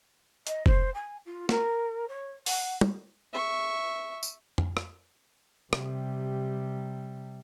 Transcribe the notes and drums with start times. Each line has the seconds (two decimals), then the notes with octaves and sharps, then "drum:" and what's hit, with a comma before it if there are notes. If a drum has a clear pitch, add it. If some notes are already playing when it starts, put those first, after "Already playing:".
0.47 D#5, drum: hi-hat
0.66 C5, drum: kick F1
0.94 G#5
1.25 F4
1.49 A#4, drum: snare
2.08 C#5
2.46 F#5, drum: open hi-hat
2.81 drum: tom
3.33 E5 C#6
4.23 drum: tambourine
4.58 drum: tom F2
4.77 drum: rim click
5.73 C3 G3, drum: rim click